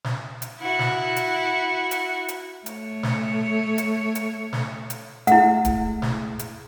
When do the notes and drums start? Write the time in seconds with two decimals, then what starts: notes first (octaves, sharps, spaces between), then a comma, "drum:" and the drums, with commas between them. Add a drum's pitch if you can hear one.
0.04 drum: snare
0.42 drum: hi-hat
0.59 E4 F#4
0.79 drum: snare
1.16 drum: hi-hat
1.91 drum: hi-hat
2.28 drum: hi-hat
2.66 A3 C#5, drum: hi-hat
3.03 drum: snare
3.78 drum: hi-hat
4.15 drum: hi-hat
4.53 drum: snare
4.90 drum: hi-hat
5.27 A3 E4 G#4 F#5, drum: hi-hat
5.65 drum: kick, hi-hat
6.02 drum: snare
6.39 drum: hi-hat